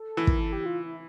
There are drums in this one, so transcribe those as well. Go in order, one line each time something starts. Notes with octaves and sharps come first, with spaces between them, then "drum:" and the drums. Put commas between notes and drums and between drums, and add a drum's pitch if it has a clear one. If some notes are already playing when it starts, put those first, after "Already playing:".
Already playing: A4
E3
A#4, drum: kick
A4
G4
F4
E4